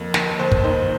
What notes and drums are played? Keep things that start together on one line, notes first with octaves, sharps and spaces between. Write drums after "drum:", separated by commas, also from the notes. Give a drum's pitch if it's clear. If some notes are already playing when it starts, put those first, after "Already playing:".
Already playing: F2 A#3
D#2, drum: snare
D#2 C5
drum: kick
D#3 C5